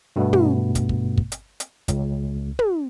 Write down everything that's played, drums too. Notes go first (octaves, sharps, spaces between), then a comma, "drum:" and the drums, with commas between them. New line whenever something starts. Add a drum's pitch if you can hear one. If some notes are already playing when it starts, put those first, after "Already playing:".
G2 B2 A3 B3
drum: tom
drum: kick, hi-hat
drum: kick
drum: kick
drum: hi-hat
drum: hi-hat
C#2, drum: kick, hi-hat
drum: tom